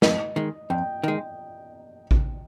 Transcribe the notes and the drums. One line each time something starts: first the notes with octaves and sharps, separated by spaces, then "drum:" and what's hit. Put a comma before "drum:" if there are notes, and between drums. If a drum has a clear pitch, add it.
F2 D#5, drum: snare
D#3 G#3
F2 G5
D#3 G#3
drum: kick A1